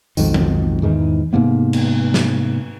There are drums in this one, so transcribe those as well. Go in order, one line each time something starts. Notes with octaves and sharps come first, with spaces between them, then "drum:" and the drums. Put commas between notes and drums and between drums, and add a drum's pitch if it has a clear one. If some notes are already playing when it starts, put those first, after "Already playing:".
B1 F2 G#2 D#3, drum: tambourine
drum: tom E3
E2 G#2 D#3 E3
G#2 C3 A#3 B3
drum: cymbal
drum: snare